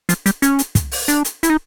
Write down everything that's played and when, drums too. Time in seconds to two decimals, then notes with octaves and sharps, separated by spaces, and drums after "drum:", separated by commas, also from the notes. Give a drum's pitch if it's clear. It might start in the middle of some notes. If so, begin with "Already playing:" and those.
0.09 F3, drum: hi-hat
0.26 G3, drum: hi-hat
0.42 C#4, drum: hi-hat
0.59 drum: hi-hat
0.75 drum: kick, hi-hat
0.92 drum: open hi-hat
1.08 D4, drum: hi-hat
1.25 drum: hi-hat
1.43 E4, drum: hi-hat
1.50 D#4